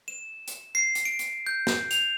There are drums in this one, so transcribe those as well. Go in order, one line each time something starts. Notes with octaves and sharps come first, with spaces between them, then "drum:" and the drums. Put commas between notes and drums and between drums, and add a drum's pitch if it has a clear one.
E7
drum: hi-hat
C7
drum: hi-hat
D7
drum: hi-hat
G6
drum: snare
F7, drum: hi-hat